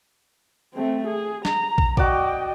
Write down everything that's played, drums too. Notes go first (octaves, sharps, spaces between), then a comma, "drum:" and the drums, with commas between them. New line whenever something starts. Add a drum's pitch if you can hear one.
A3 C4
G#4
A#5, drum: snare
drum: kick
F#4 D5 D#5 G5 D6, drum: kick